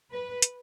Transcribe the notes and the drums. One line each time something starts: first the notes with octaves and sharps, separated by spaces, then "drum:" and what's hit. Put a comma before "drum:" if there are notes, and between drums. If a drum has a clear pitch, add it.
B4
drum: hi-hat